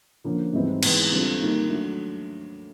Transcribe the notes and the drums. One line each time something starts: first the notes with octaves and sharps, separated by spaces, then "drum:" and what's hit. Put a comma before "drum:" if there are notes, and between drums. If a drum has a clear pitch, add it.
D3 F3 A#3 C#4
G#2 E3 G3 C4 E4
E3 G#3 B3 D#4, drum: cymbal
D3 G3 C4 F4 A4
D#3 G3 A#3 D#4
F#3 A3 D4